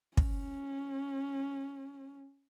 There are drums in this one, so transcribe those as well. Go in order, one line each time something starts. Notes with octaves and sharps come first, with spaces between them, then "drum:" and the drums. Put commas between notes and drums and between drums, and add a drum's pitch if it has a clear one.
C#4, drum: kick